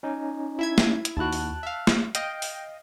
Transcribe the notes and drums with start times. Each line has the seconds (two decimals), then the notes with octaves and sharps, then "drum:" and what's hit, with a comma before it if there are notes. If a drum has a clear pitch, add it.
0.03 C#4 D#4
0.59 E4 E5 G#6
0.78 drum: snare A3
1.05 drum: hi-hat
1.17 D#2 E4 F#4 A5 F#6
1.33 drum: open hi-hat
1.63 E5 F5
1.87 drum: snare A3
2.15 D#5 F5 G5, drum: hi-hat
2.42 drum: open hi-hat